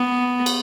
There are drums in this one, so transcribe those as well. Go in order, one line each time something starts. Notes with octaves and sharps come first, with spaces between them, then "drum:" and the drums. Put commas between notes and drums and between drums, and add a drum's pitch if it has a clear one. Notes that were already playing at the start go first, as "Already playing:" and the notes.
Already playing: B3
drum: cymbal